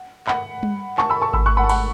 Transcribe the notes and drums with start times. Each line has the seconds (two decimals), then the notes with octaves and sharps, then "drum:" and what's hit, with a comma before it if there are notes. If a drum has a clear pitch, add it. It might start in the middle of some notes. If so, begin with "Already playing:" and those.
Already playing: F#5
0.27 F#5 B5, drum: clap
0.63 drum: tom G3
0.98 A5 C#6, drum: clap
1.10 B5 E6
1.21 A5 C#6
1.33 B5 E6, drum: kick G#1
1.46 C#6 F#6
1.57 F#5 B5
1.64 A5
1.69 F#5 B5, drum: cymbal